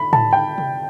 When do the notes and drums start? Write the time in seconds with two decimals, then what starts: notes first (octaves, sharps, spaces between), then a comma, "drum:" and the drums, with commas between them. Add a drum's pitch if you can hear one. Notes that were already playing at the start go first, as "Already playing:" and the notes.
Already playing: B5
0.13 A5, drum: tom A2
0.33 G5
0.58 drum: tom C3